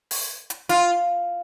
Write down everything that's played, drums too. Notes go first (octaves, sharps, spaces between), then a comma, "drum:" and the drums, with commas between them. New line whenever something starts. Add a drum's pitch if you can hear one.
drum: open hi-hat
drum: hi-hat
F4, drum: hi-hat